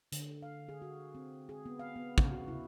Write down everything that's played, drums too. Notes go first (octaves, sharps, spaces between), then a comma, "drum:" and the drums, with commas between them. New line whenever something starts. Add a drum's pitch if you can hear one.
D3, drum: hi-hat
F5
G#4
F#4
C4
G#4
B3
F5
B3
C#3, drum: kick
F#4
E4